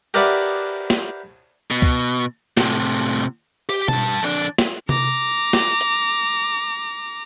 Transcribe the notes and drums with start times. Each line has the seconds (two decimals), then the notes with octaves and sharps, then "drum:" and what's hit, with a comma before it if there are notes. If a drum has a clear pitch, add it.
0.14 G4 A#4 B4 D5 E5 F#5, drum: cymbal
0.90 drum: snare
1.71 B2
1.82 drum: kick C#2
2.57 A2 C3, drum: snare
3.69 G4, drum: open hi-hat
3.88 G2 A5, drum: tom B2
4.22 F2 D4
4.58 drum: snare
4.89 A#5 D6, drum: tom C3
5.53 drum: snare
5.81 drum: hi-hat